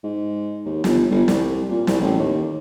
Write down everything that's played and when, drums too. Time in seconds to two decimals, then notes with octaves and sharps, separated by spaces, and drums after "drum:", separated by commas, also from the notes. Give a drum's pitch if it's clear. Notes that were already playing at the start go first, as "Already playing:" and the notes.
0.03 G#2
0.65 D#2
0.84 G1, drum: snare
1.11 G1
1.28 C2, drum: snare
1.70 A#2
1.87 C2, drum: snare
2.01 A1
2.19 D#2